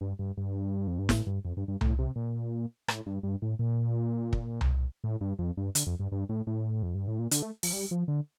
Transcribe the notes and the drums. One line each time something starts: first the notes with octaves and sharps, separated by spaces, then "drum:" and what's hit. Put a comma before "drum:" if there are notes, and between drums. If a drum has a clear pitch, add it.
G2
G2
G2
F2
G2
A2, drum: snare
G2
F2
G2
G2
A2, drum: tom C2
C3
A#2
A2, drum: rim click
G2
G2
A2
A#2
drum: kick
drum: tom C2
A2
G2
F2
G2
D3, drum: hi-hat
F2
G2
G2
A2
A2
F2
G2
A2
A#2
D3, drum: hi-hat
A3
F3, drum: open hi-hat
G3
F3
D3